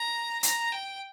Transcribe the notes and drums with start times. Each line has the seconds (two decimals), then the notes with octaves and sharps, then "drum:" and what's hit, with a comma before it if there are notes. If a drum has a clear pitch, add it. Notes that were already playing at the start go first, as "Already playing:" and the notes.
Already playing: A#5
0.43 A#5, drum: hi-hat
0.72 G5